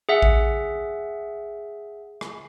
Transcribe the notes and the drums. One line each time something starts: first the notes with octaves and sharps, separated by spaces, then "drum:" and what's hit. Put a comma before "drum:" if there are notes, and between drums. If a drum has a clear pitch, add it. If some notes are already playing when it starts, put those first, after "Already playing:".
G#4 E5 F#5
drum: kick A1
drum: rim click